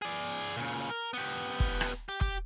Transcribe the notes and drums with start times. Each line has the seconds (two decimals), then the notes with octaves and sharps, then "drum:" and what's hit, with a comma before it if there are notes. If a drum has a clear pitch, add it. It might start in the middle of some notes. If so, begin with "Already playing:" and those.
0.02 G#4 D5
0.57 A#2 C#3
0.90 A#4
1.13 B3 G4
1.60 drum: kick
1.81 drum: rim click
2.09 G4
2.21 G4, drum: kick